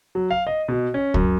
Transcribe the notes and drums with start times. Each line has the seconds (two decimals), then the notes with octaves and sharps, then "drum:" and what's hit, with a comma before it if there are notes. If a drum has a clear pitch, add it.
0.15 F#3
0.31 F5
0.47 D#5
0.68 B2
0.94 C#4
1.14 F#2, drum: kick C#2